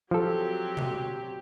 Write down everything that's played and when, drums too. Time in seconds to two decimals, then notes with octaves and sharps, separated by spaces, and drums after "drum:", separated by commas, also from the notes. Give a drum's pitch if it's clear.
0.11 F3 F#3 C4 G4 A4
0.77 drum: tom B2